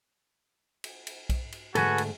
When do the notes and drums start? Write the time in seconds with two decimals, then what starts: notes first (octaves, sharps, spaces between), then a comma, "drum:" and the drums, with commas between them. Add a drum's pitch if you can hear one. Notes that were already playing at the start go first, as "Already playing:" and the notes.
0.84 drum: cymbal
1.07 drum: cymbal
1.29 drum: kick B1, cymbal
1.52 drum: cymbal
1.75 G#2 D3 A3 F#4 A4 B4 G#5, drum: cymbal
1.98 drum: cymbal